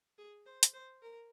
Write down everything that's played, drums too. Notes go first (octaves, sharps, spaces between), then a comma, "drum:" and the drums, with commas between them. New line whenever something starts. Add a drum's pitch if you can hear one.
G#4
C5
drum: hi-hat
C5
A#4